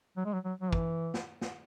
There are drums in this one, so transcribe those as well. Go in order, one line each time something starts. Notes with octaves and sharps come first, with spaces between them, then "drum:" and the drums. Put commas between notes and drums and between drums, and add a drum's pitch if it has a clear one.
F#3
G#3
F#3
F#3
F#3
E3, drum: kick
drum: snare
drum: snare